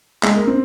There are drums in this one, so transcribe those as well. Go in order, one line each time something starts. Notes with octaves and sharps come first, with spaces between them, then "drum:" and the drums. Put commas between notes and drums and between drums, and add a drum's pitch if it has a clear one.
G#3, drum: clap
A#3
C4